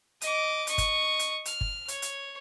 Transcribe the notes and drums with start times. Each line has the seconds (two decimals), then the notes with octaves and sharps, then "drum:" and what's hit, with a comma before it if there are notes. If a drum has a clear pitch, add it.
0.21 D#5 D6, drum: hi-hat
0.67 D#5 C#6, drum: hi-hat
0.78 drum: kick G1, hi-hat
1.19 drum: hi-hat
1.45 F6, drum: hi-hat
1.61 drum: kick G1
1.88 C#5, drum: hi-hat
2.02 drum: hi-hat